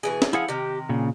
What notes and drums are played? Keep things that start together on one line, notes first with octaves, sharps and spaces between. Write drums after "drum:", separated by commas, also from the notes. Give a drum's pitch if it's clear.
B2 E3 G#4
drum: snare
F3 E4 G#4 F#5
C3 D#3 G4
A#2 C#3